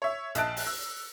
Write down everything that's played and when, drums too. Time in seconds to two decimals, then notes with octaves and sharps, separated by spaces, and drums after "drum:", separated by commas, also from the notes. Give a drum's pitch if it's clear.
0.02 C#5 E5
0.35 A#1 D#5 E5 A5 F#6 D7, drum: hi-hat
0.57 drum: open hi-hat
0.67 E6